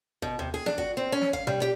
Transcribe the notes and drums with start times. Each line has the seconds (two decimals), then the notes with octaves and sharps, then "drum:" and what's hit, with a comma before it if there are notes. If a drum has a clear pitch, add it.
0.22 B2, drum: kick G#1
0.39 C3, drum: tom D#2
0.54 G#4
0.66 D4, drum: snare
0.78 F#4, drum: kick G#1
0.97 C4
1.12 C#4
1.21 drum: snare
1.33 F5, drum: kick G#1
1.47 G3, drum: tom B2
1.62 G4